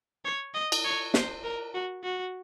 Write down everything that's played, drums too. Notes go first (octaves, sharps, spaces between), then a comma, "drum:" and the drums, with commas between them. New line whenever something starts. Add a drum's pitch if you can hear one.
C#5
D#5
drum: cymbal
C#5
C5, drum: snare
A#4
F#4
F#4